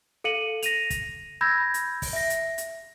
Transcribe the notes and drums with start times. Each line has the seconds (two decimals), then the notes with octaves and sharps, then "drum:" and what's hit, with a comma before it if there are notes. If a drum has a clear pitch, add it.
0.24 A4 F5 C#7 D#7 F#7
0.62 A#6 D#7 F7, drum: hi-hat
0.90 drum: kick, hi-hat
1.41 B5 E6 G6 G#6 A#6
1.74 drum: hi-hat
2.02 drum: kick, open hi-hat
2.13 E5 A#6
2.30 drum: hi-hat
2.58 drum: hi-hat